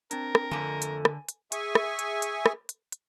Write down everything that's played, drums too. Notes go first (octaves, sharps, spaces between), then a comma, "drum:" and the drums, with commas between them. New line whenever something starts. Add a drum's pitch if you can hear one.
C4 D4 A#4, drum: hi-hat
drum: rim click
F2 D3 A3 G#5
drum: hi-hat
drum: rim click
drum: hi-hat
G#4 E5 G#5 C#6, drum: hi-hat
drum: rim click
drum: hi-hat
drum: hi-hat
drum: rim click
drum: hi-hat
drum: hi-hat